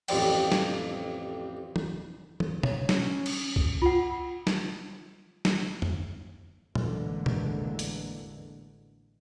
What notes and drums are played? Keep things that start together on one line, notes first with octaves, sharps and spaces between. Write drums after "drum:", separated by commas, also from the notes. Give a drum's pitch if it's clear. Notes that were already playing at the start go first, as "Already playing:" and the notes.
A1 F2 G3 C4 D5 G5, drum: cymbal
drum: snare
drum: tom
drum: tom
C#5, drum: tom B2
C#4, drum: snare
drum: cymbal
drum: kick C2
F4 F#5
drum: snare
drum: snare
drum: tom
A1 E2 D3 E3 G#3 A#3, drum: tom
drum: tom B2
drum: hi-hat